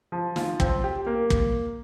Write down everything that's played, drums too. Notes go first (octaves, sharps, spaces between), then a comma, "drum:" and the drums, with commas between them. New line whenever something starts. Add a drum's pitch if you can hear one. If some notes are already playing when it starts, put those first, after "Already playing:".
F3
F4, drum: snare
C4, drum: kick
G4
A#3
drum: kick